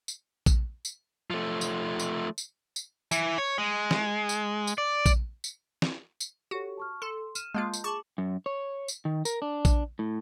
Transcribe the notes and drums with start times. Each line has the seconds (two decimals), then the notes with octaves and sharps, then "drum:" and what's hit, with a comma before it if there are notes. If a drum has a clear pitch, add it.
0.08 drum: tambourine
0.46 drum: kick A#1, tambourine
0.85 drum: tambourine
1.30 F3 A3
1.61 drum: tambourine
1.99 drum: tambourine
2.38 drum: tambourine
2.76 drum: tambourine
3.11 E3, drum: tambourine
3.38 C#5
3.58 G#3
3.91 drum: snare
4.29 drum: tambourine
4.67 drum: tambourine
4.78 D5
5.06 drum: kick A#1, tambourine
5.44 drum: tambourine
5.82 drum: snare
6.20 drum: tambourine
6.51 F#4 G4 A4 C#5
6.77 A5 C#6 F6
7.02 A4 C6
7.35 F6 D#7 E7, drum: tambourine
7.54 G#3 A#3 F4 A5 G6
7.74 drum: tambourine
7.84 G#4 A5 C#6 D6 F#7
8.18 F#2
8.46 C#5
8.88 drum: tambourine
9.05 D#3
9.25 A#4, drum: tambourine
9.42 D4
9.65 drum: kick A#1, tambourine
9.99 A2